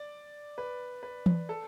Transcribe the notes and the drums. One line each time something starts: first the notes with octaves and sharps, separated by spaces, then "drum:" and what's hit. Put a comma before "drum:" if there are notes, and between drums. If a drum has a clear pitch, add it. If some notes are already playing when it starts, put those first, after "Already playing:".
Already playing: D5
B4
B4
drum: tom E3
A4